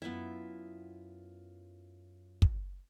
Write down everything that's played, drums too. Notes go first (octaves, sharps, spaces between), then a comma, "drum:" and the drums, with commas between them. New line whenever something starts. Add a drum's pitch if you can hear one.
F#2 B3 E4 F4 E5
drum: kick